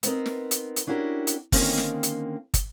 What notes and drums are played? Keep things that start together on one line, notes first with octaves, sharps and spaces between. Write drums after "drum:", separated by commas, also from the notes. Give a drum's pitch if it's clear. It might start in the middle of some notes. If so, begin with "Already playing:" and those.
B3 C4 D#4 A#4, drum: hi-hat
drum: snare
drum: hi-hat
drum: hi-hat
C#4 D4 E4 F#4 G4 A#4
drum: hi-hat
D3 D#3 A#3 C4 C#4 D#5, drum: kick, open hi-hat
drum: snare
drum: hi-hat
drum: kick, hi-hat